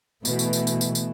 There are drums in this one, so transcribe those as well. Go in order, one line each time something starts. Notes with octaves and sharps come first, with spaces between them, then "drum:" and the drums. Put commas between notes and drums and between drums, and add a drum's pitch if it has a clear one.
B2 E3 A3, drum: tambourine
drum: tambourine
drum: tambourine
drum: tambourine
drum: tambourine
drum: tambourine